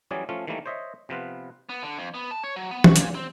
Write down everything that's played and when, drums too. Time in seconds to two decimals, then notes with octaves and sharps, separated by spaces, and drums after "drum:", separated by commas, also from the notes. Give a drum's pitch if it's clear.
0.11 E3 F#3 G3 C#4 G#4 D5
0.29 F3 A3 C#4 F4
0.47 D#3 E3 G3 A3 A#3
0.66 C5 C#5 D#5 E5
1.09 C3 F3 B3 F4 B4
1.69 B3
1.83 D3
1.98 F2
2.14 B3
2.31 A5
2.44 C#5
2.56 F#3
2.71 B3
2.84 F#4, drum: tom E3
2.96 A#2, drum: hi-hat
3.15 C4